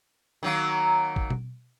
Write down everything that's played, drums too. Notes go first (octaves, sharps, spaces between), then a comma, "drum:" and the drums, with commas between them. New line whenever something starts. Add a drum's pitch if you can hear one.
D#3 F#3 A#3
drum: kick
drum: tom B2